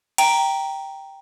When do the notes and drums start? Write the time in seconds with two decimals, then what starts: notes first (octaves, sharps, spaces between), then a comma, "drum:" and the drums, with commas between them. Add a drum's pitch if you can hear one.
0.18 G5 A#5, drum: cymbal